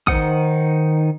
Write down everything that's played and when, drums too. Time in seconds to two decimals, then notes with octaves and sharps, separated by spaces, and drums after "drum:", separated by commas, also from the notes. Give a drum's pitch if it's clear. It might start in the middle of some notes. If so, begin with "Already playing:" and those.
0.07 D#3 D#4 C5 F#5 D#6, drum: kick